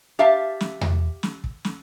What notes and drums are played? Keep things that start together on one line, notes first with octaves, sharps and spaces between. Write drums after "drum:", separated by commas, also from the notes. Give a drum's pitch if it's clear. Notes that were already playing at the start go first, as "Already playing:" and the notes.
G4 E5 F5 A5
drum: snare
drum: tom E2
drum: snare
drum: kick
drum: snare